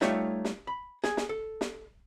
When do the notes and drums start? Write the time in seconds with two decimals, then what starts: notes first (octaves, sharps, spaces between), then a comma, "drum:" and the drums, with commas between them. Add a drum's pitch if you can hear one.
0.01 G3 A3 D#4 F4 C#5 E5, drum: snare
0.45 drum: snare
0.67 B5
1.04 G#4, drum: snare
1.17 drum: snare
1.29 A4
1.61 drum: snare